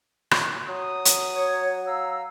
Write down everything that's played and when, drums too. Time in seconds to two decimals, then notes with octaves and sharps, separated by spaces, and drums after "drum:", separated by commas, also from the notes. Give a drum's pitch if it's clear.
0.31 drum: rim click
0.68 F#3 D#6
1.05 drum: hi-hat
1.36 C#5
1.87 F5 A#5 E6